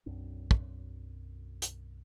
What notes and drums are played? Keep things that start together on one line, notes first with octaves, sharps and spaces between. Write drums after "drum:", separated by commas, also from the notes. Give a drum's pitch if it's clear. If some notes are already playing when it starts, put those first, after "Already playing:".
B1 F#2 C4 D4
drum: kick
drum: hi-hat